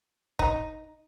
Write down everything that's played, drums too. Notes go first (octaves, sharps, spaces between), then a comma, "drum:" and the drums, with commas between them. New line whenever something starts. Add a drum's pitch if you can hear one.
D#4, drum: kick